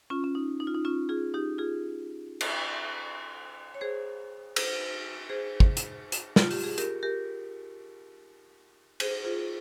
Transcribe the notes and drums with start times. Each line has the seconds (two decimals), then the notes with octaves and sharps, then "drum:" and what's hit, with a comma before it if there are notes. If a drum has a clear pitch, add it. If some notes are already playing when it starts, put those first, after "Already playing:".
0.10 C#4 F4
0.24 C#4
0.35 D#4
0.60 D#4
0.67 F4
0.75 D#4
0.85 C#4 F4
1.09 F4 G#4
1.34 D#4 G4
1.58 F4 G#4
2.41 drum: cymbal
3.75 C#5
3.81 G#4 C5
4.56 drum: cymbal
5.29 G#4 C5
5.60 drum: kick
5.77 drum: hi-hat
6.12 drum: hi-hat
6.36 F4, drum: snare
6.51 G4, drum: open hi-hat
6.64 G#4
6.78 G4 A#4, drum: hi-hat
7.03 G4 A#4
9.00 G#4 C5, drum: cymbal
9.25 F4 G#4